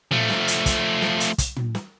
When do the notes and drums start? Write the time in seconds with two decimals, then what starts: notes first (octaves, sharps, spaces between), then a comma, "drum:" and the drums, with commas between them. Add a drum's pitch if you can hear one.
0.11 F3 A3, drum: tom
0.30 drum: snare
0.48 drum: hi-hat
0.66 drum: kick, hi-hat
1.02 drum: snare
1.20 drum: hi-hat
1.38 drum: kick, hi-hat
1.57 drum: tom
1.75 drum: snare